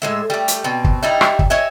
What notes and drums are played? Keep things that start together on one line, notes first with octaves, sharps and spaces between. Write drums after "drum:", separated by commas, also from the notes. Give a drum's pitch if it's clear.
A2 G#3 E5
G3 A3
drum: hi-hat
B2 C4
drum: kick
G3 D#4 E4
drum: rim click
drum: kick
C#5 D#5 E5 G#5